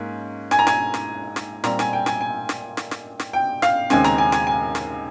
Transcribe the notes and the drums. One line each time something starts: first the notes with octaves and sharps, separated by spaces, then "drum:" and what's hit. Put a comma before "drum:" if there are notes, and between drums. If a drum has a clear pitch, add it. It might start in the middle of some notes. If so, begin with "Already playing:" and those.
Already playing: G#2 A#3 C#4
G#5, drum: snare
A#5
G#5, drum: snare
drum: snare
drum: snare
A#2 G3 C4 A#5, drum: snare
G#5, drum: snare
G5
G#5, drum: snare
G#5
drum: snare
drum: snare
drum: snare
drum: snare
G5
F5, drum: snare
D#2 C#3 G#3 C4 G#5, drum: snare
A#5, drum: snare
G#5
G#5, drum: snare
G#5
drum: snare